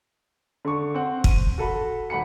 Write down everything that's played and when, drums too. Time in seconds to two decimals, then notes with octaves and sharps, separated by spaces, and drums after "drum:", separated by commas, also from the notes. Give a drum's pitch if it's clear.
0.65 D3 C#6
0.94 C4 F#5
1.24 D#7, drum: kick
1.58 F#4 A4 B5
2.10 D#1 F#5 B5 C#7